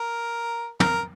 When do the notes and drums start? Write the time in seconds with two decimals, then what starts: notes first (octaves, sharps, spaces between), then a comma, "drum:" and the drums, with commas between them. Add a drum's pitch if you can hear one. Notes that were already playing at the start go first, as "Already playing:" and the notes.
Already playing: A#4
0.80 A#4, drum: tom